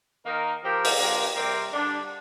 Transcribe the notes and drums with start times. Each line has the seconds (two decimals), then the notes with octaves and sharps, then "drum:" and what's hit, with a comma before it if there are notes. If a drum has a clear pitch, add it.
0.25 D#3 A#3 D#4 A#4
0.61 F3 C4 G4 A#4
0.85 drum: open hi-hat
0.98 F3 A#3 D4 G4 A#4
1.34 C3 G3 C4 G4 A#4
1.71 D3 G3 D4